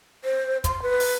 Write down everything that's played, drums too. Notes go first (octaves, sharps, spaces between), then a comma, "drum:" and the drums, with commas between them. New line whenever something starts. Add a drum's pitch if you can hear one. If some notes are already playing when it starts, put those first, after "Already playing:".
C5
C6, drum: kick, hi-hat
B4
drum: open hi-hat